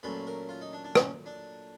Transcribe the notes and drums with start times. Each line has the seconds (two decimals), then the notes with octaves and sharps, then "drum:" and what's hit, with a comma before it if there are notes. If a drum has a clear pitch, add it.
0.03 A#2 F#3 A3 C#4 B4
0.27 A#4
0.49 F4
0.61 D#4
0.73 D4
0.84 D4
0.95 C#4, drum: rim click
1.26 D4